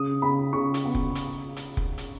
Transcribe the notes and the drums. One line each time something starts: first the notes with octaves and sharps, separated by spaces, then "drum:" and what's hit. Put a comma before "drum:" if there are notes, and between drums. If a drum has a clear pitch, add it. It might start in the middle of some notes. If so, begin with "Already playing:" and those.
Already playing: C#3 D#6
C#3 B5
C#3 C#6
drum: hi-hat
B3
drum: kick F1
drum: hi-hat
drum: hi-hat
drum: kick F1
drum: hi-hat